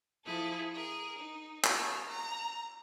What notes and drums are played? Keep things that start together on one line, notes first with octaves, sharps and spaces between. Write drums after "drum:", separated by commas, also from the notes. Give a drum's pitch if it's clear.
F3 E4 G#4 A4
G#4 A#4
D#4
E6 F6, drum: clap
A#5